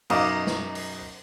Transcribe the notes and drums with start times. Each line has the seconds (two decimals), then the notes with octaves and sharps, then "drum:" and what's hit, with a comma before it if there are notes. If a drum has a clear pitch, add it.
0.10 F#2 B2 D#4 D#5 F5 D6, drum: cymbal
0.47 drum: snare A3
0.75 drum: open hi-hat